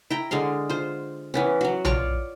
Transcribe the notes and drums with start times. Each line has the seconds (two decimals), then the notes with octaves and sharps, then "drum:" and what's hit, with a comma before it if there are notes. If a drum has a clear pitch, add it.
0.10 E4 G5 A#5
0.31 D3 G#3 F5 C6
0.69 F4 C5
1.34 E3 B3 C#4
1.61 F#3 F#4
1.85 F4 C#5 D5 C#6, drum: tom B1